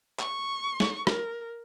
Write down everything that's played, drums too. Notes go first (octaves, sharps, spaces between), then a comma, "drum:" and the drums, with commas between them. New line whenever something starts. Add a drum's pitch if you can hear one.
C#6, drum: clap
drum: snare
A#4, drum: rim click